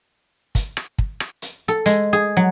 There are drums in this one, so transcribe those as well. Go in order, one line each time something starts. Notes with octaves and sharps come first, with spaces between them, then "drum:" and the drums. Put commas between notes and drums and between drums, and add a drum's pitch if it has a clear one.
drum: kick, hi-hat
drum: rim click
drum: kick
drum: rim click
drum: hi-hat
A4
G#3, drum: hi-hat
G#4
F#3